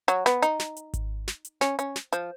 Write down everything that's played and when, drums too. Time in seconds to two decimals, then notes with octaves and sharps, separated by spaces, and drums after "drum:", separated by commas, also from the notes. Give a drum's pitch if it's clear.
0.08 F#3, drum: hi-hat
0.26 B3, drum: snare
0.42 D#4, drum: hi-hat
0.60 drum: snare
0.77 drum: hi-hat
0.94 drum: kick G#1, hi-hat
1.28 drum: snare
1.45 drum: hi-hat
1.61 C#4, drum: snare
1.79 C#4, drum: hi-hat
1.96 drum: snare
2.13 F3, drum: hi-hat